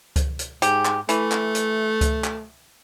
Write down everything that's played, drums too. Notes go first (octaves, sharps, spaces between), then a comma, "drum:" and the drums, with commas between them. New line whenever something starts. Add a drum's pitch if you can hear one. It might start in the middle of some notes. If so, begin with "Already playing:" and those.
drum: kick C#2, hi-hat
drum: hi-hat
G#2 G4, drum: hi-hat
drum: clap
E3 A3, drum: hi-hat
drum: clap
drum: hi-hat
drum: kick C#2, hi-hat
drum: clap